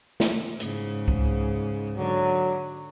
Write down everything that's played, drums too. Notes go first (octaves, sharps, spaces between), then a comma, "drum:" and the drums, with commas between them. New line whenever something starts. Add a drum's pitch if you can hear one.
drum: snare
G#2 C#3, drum: hi-hat
drum: kick C2
D3 F#3